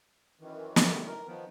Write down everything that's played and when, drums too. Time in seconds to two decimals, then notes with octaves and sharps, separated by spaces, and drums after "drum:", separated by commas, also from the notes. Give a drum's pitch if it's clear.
0.39 F#2 D#3 E3
0.76 D3 G3 A3, drum: snare
1.06 A#4
1.28 D#3 F3 B3